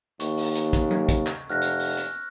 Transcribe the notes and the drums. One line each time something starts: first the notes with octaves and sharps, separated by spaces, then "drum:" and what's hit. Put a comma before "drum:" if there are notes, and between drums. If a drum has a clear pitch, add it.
D#2 C#6, drum: hi-hat
drum: open hi-hat
drum: hi-hat
drum: kick, hi-hat
drum: tom F#3
drum: kick, hi-hat
drum: clap
F1 F6 F#6 A#6
drum: hi-hat
drum: open hi-hat
drum: hi-hat